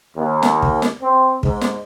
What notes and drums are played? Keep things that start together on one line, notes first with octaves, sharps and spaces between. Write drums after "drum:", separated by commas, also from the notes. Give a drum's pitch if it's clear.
D#2
drum: snare
drum: kick
drum: snare
C4
G#2, drum: kick
drum: snare